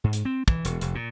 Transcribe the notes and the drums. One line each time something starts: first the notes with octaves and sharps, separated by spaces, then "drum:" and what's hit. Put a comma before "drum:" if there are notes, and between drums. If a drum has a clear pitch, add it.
G#2
drum: hi-hat
C4
E3, drum: kick
E1, drum: hi-hat
F1, drum: hi-hat
A#2